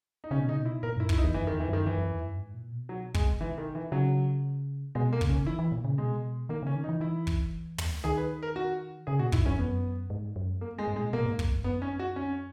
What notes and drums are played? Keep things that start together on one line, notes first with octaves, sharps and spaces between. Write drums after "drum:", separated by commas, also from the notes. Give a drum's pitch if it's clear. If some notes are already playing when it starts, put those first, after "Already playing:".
D#4
C#3 C#4
B2
C#3 D#4
B2
E4
A#2 A#4
F#2 E4
G#2 E4, drum: kick
D#4
E2
F#2 E3
D#3
E2
E3
F#2 D#3
F#2 E3
F#2
E2
F#2
G#2
A#2
B2
F#3
G#3, drum: kick
E3
D#3
E3
C#3 F#3
B2 G#3
A#3
C#3, drum: kick
C#4
E3 E4
E3
A#2
C#3
B2 G#3
D#3 A#3
C#3 C#4
D#3
D#4
E3
E3 E4
drum: kick
drum: tom
D#3 G#4
B4
A#4
F#4
C#3 G#4
A#2 F#4
F#2 E4, drum: kick
F#2 C#4
E2 B3
F#2
G#2
F#2
A#3
G#3
G#2
G#3
A#2
B2 A#3
G#2
F#2, drum: kick
E2
G#2
F#2 B3
C#4
F#4
C#4